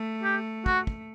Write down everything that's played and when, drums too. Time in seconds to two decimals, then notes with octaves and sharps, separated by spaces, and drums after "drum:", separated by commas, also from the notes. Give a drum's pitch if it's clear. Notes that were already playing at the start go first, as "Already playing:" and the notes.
Already playing: A3
0.23 G4
0.66 F#4, drum: kick
0.87 drum: kick